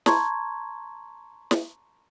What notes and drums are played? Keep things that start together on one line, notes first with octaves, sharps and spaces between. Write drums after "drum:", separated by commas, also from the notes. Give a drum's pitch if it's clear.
A5 A#5 C6 C#6 G#6, drum: snare
drum: snare